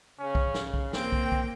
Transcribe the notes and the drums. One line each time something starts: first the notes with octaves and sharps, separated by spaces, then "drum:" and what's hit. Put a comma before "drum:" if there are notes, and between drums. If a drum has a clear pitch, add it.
C#3 C#4
drum: kick
drum: snare
drum: kick
A#3 C4 G5, drum: snare
drum: kick
drum: kick